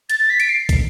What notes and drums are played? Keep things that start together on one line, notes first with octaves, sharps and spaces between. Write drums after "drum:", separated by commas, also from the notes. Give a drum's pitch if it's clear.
A6, drum: hi-hat
A6
B6
D7, drum: hi-hat
C7
drum: kick, hi-hat